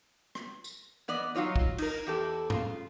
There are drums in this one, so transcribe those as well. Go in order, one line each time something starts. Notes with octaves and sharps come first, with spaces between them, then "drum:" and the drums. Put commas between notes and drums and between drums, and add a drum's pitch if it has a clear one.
drum: rim click
drum: tambourine
E3 B3 D5 D#5
F#3 D#4 F4 C#5 D#5
drum: kick
D#4 A#4, drum: cymbal
E2 G4 A4
C#3 F4, drum: tom G2